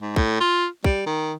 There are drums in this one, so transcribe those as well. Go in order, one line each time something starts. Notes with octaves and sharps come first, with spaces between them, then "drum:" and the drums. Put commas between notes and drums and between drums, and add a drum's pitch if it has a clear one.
G#2
A2, drum: kick
F4
G3, drum: kick
D#3